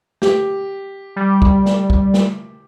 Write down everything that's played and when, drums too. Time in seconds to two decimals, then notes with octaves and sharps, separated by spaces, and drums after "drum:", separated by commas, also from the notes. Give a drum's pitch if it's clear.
0.22 G4, drum: snare
1.16 G3
1.42 drum: kick
1.66 drum: snare
1.90 drum: kick
2.14 drum: snare